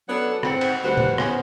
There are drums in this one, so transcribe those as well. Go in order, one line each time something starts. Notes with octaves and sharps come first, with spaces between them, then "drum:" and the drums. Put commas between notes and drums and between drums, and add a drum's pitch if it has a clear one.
F#3 B3 D4 A4 C#5 F#5
G#2 C4 F#5, drum: rim click
drum: cymbal
D2 G3 F#4 B4 C5 F#5
drum: tom A2
B3 C#4 C5, drum: rim click